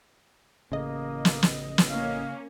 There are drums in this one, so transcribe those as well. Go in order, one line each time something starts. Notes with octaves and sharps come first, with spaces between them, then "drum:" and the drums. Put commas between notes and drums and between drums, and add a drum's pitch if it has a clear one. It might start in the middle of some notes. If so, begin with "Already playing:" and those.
A1 C#3 A#3 D#5
drum: snare
drum: snare
drum: snare
A#3 C#4 F5